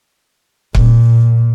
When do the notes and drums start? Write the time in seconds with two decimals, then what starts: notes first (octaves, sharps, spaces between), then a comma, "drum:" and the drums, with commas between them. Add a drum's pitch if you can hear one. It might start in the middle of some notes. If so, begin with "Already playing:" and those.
0.75 A#2, drum: kick C#1